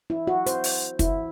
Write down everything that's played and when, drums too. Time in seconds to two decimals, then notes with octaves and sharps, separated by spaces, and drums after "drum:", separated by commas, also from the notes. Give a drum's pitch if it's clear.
0.10 E4
0.27 F#4
0.46 C5, drum: hi-hat
0.64 drum: open hi-hat
0.99 E4, drum: kick, hi-hat